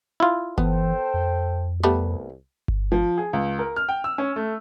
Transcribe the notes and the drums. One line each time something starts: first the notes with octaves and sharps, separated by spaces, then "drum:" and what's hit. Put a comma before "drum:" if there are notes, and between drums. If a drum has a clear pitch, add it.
E4 F4
E3 B3 A4 C5 G5, drum: kick G1
F2
C2 G3 A3 B3
drum: kick G1
F3
G#4
C#2
A#4
F6
G5
E6
C#4
A3